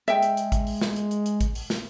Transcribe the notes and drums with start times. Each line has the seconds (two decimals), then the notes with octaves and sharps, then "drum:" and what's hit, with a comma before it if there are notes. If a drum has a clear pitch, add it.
0.08 G#3 E5 G5, drum: hi-hat
0.22 drum: hi-hat
0.37 drum: hi-hat
0.52 drum: kick A1, hi-hat
0.67 drum: open hi-hat
0.81 drum: snare
0.96 drum: hi-hat
1.11 drum: hi-hat
1.26 drum: hi-hat
1.41 drum: kick A1, hi-hat
1.55 drum: open hi-hat
1.70 drum: snare